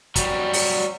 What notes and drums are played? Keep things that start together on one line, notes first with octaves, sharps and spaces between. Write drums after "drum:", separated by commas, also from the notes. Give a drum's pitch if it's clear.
F#3 G3, drum: kick, hi-hat
drum: open hi-hat